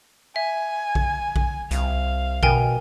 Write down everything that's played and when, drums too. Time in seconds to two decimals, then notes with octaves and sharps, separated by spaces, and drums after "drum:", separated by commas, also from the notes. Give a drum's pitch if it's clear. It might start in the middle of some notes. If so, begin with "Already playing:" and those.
0.36 E5 G#5
0.95 drum: kick A#1
1.36 drum: kick A#1
1.71 C2 F5, drum: hi-hat
2.43 B2 A#4 G5 G#5, drum: kick A#1